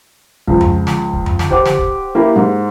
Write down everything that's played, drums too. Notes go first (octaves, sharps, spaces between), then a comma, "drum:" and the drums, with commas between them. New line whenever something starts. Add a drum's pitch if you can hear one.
C#2 F3, drum: kick
drum: tom F2
drum: snare
drum: kick
drum: tom F2
drum: snare
G4 C5 F#5 D6, drum: kick
drum: snare
drum: kick
A#3 E4 G4
G#2